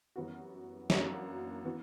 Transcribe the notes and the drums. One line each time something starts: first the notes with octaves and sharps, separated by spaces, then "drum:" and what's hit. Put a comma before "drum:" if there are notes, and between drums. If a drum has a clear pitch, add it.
F#2 E3 G3 B3 F#4
F#2 E3 A#3 D4 F#4, drum: snare
E3 B3 F#4